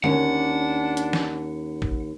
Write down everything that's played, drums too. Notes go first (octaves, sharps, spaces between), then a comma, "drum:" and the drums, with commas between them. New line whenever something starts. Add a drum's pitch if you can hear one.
D#2 C#4 D4 F#5, drum: tom D3
drum: hi-hat
drum: snare
drum: kick A1